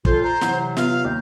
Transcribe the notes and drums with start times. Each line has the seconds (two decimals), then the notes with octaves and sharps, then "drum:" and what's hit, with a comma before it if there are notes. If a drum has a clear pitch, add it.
0.05 A#2 F4 A4 C5, drum: kick
0.22 C5 A#5
0.41 C3 E3 F#3 F#5, drum: snare
0.77 B3 F4 E5 F5, drum: snare
1.04 D#2 G6